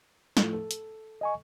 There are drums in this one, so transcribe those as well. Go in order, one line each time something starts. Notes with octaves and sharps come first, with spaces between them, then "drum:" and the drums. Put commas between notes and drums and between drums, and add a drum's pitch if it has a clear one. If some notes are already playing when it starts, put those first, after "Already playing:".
A2 F3 A3, drum: snare
A4
drum: hi-hat
D#5 G#5 C#6